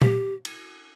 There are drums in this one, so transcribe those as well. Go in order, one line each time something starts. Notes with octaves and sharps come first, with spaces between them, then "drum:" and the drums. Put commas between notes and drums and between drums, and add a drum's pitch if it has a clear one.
G4, drum: tom A#2
drum: cymbal